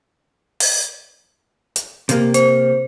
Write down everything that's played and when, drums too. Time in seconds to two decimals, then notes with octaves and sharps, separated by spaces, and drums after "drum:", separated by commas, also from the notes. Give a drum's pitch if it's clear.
0.60 drum: open hi-hat
1.76 drum: hi-hat
2.09 C3 A#3, drum: hi-hat
2.34 C5, drum: hi-hat